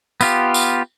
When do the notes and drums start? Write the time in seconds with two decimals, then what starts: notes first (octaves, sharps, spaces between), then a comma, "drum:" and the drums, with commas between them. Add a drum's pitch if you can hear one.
0.21 B3 F4 G4, drum: tambourine
0.54 drum: tambourine